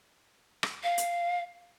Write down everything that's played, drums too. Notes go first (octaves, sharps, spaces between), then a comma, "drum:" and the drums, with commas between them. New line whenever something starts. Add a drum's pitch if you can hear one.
drum: rim click
F5
drum: hi-hat